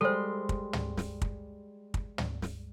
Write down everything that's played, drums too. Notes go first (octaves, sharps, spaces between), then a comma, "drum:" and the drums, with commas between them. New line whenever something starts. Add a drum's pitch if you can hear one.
G3 G#3 A4 C5 C6
drum: kick
drum: tom
drum: snare
drum: kick
drum: kick
drum: tom
drum: snare